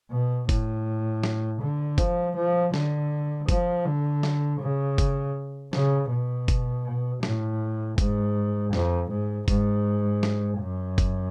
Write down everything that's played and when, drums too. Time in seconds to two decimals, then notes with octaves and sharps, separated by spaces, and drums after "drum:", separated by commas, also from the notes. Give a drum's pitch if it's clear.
0.11 B2
0.49 A2, drum: kick F#1, hi-hat
1.23 drum: snare
1.61 D3
1.98 F3, drum: kick F#1, hi-hat
2.36 F3
2.74 D3, drum: snare
3.49 F3, drum: kick F#1, hi-hat
3.85 D3
4.23 drum: snare
4.61 C#3
4.98 drum: kick F#1, hi-hat
5.73 C#3, drum: snare
6.10 B2
6.48 drum: kick F#1, hi-hat
7.23 A2, drum: snare
7.98 G#2, drum: kick F#1, hi-hat
8.73 F2, drum: snare
9.11 G#2
9.48 G#2, drum: kick F#1, hi-hat
10.23 drum: snare
10.60 F#2
10.98 drum: kick F#1, hi-hat